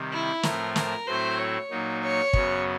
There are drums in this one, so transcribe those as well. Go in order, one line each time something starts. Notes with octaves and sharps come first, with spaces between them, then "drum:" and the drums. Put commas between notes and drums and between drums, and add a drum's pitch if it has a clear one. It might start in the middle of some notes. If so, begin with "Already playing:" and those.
Already playing: C3 D#3 G3
E4
A2 F3 A3 C4 A#4, drum: snare
A#4, drum: snare
A2 F#3 A3 C4 E4 C5
C#5
A#2 F#3 A#3 D#4
C#5
F#2 C#3 F#3 B3, drum: kick